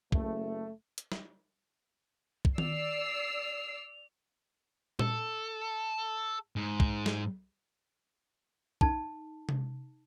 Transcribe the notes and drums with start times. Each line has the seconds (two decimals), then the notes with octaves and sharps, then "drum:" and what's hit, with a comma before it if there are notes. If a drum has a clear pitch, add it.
0.12 F#1 A3, drum: kick
0.98 drum: hi-hat
1.12 drum: snare
2.45 drum: kick
2.58 D5 E6 C7 F7, drum: tom D#3
4.99 A4, drum: tom A#2
6.56 G#2
6.80 drum: kick
7.06 drum: snare
8.81 D#4 A5, drum: kick
9.49 drum: tom C3